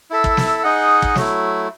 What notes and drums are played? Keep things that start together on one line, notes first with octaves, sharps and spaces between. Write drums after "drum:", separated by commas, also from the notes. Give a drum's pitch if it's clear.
E4 A4 E5
drum: kick
drum: snare
D#4 G#4 D#5 F#5
drum: kick
F#3 A3 E4, drum: snare